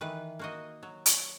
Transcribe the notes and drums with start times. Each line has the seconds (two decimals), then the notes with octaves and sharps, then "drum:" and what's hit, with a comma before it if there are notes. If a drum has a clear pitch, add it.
0.01 D#3 E3 B4
0.39 A#3 F#4 D#5
0.83 F#3
1.06 C#5, drum: hi-hat